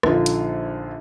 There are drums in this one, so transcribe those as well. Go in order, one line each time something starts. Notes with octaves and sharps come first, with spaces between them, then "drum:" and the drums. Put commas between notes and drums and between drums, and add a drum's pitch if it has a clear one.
A#1 D3 D#4 F4, drum: rim click
drum: hi-hat